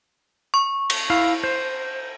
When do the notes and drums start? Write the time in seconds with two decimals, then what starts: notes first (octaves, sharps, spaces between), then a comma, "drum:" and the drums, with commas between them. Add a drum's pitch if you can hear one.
0.54 C#6
0.90 drum: cymbal
1.10 E4 F5
1.44 C5